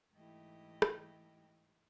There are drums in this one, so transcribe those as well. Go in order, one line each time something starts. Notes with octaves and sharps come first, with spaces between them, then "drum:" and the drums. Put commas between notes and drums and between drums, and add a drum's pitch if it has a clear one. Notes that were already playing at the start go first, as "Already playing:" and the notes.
G#2 E3 A3 E4 G4 D#5
drum: rim click